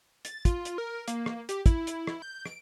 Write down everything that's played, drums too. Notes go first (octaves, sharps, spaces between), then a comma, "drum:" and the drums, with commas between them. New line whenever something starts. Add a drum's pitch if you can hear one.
A6, drum: hi-hat
F4, drum: kick, hi-hat
drum: hi-hat
A#4
A#3, drum: hi-hat
drum: rim click
G4, drum: hi-hat
E4, drum: kick, hi-hat
drum: hi-hat
drum: rim click
G6
D7, drum: rim click